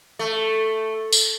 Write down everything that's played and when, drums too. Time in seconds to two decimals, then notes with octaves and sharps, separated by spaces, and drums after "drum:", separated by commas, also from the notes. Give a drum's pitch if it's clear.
0.19 A3
1.13 drum: tambourine